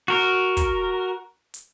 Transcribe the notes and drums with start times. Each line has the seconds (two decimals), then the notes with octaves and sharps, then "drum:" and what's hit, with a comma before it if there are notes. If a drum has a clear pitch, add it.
0.08 F#4 A#4
0.57 drum: kick, hi-hat
1.54 drum: hi-hat